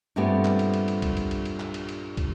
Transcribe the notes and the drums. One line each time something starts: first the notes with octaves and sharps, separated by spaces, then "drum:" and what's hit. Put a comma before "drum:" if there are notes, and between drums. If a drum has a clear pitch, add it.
G2 A#2 A3 B3 C4 G4
drum: clap
drum: cymbal
drum: cymbal
drum: cymbal
drum: kick, cymbal
drum: cymbal
drum: cymbal
drum: cymbal
drum: clap
drum: cymbal
drum: cymbal
drum: kick, cymbal